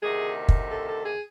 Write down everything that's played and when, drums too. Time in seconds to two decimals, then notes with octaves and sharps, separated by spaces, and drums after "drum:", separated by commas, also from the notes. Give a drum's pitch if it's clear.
0.03 D2 C3 D#3 G#4
0.48 drum: kick
0.71 A4
0.88 A4
1.05 G#4